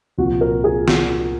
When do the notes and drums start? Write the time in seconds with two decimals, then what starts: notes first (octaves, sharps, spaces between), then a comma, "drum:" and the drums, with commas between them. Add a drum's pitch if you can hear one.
0.18 C2 A#2 F3 F#4
0.41 A#4
0.64 G#4
0.88 F#4, drum: snare